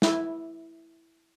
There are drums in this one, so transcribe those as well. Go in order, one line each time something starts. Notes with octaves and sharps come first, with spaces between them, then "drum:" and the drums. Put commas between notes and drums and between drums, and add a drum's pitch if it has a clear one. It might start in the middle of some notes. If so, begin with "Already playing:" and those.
E4, drum: snare